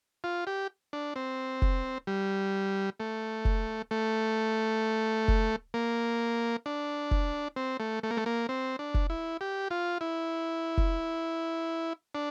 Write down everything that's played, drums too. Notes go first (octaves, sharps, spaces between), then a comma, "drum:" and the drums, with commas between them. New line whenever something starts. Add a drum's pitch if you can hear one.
F4
G4
D4
C4
drum: kick F1
G3
A3
drum: kick F1
A3
drum: kick F1
A#3
D4
drum: kick F1
C4
A3
A3
A#3
A3
A#3
C4
D4
drum: kick F1
E4
G4
F4
E4
drum: kick F1
D4